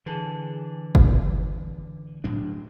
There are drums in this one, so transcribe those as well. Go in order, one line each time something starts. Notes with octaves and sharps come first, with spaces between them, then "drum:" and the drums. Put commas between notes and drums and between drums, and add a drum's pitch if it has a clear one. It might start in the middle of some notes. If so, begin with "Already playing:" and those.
D3 E3 G#4 A4
drum: kick
A2 F#3 D4